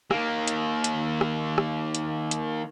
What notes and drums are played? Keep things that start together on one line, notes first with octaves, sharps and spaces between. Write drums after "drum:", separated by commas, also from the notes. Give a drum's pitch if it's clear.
D#3 A#3, drum: rim click
drum: hi-hat
drum: hi-hat
drum: rim click
drum: rim click
drum: hi-hat
drum: hi-hat